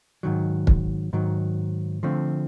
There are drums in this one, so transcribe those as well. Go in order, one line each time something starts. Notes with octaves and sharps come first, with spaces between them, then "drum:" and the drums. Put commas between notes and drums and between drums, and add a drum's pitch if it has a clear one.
G#2 D#3 F#3
drum: kick
G#2 D#3 F#3
D3 F3 A3 C4